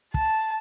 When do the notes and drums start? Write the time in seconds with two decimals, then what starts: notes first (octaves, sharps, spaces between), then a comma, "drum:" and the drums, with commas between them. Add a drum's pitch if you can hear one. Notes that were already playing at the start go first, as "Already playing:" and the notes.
0.14 A5, drum: kick